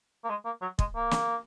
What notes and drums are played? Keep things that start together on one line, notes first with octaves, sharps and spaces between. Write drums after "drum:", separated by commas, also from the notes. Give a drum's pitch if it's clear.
A#3
G#3
A#3
F#3
G#3, drum: kick
A#3
drum: snare